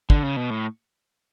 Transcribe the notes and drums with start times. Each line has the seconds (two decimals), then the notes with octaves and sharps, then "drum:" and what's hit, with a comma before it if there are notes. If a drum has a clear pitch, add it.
0.10 D3, drum: kick
0.23 C#3
0.37 B2
0.50 A2